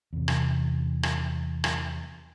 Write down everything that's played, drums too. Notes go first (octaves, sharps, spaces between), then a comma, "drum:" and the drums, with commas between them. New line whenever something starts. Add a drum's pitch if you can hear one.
E2 C3
drum: rim click
drum: rim click
drum: rim click